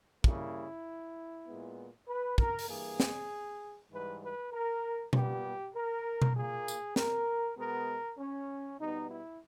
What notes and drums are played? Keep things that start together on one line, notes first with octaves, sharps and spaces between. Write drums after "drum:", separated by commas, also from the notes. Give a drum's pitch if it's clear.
C#3 G3 A#3 E4, drum: kick
A#2 G#3 B3
B4
A#4, drum: kick
drum: open hi-hat
G2 E3 A#3 G#4
drum: snare
G#2 E3 G3 B4
B4
A#4
A#2 G3 B3 G4, drum: tom B2
A#4
drum: tom B2
A#2 A#3 G#4
drum: tambourine
A#4, drum: snare
B2 G#3 B3 A#4
C#4
B2 G3 B3 D#4
E4